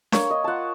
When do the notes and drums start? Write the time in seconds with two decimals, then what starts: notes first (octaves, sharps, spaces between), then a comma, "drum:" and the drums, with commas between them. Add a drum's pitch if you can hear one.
0.12 A#3 C#5, drum: snare D4
0.30 D#5
0.44 F4 F#5 A5